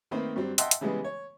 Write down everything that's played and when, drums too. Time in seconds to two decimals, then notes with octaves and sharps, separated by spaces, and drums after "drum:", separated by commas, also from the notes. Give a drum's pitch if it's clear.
0.11 D#3 A3 A#3 C4 B4 C5
0.36 G2 F#3 G3 C4
0.58 D#5 E5 F#5 G5 A5 C6, drum: hi-hat
0.71 drum: hi-hat
0.81 C#3 E3 G3 G#3 B3
1.04 C#5